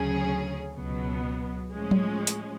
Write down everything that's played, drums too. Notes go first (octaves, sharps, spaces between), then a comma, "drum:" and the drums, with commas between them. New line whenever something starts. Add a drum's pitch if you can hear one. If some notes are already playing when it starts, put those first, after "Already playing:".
Already playing: D2 C#3 F#3 C#4 G#4
C#2 B2 F#3 B3
A2 F3 G#3 C#4
drum: tom F#3
drum: hi-hat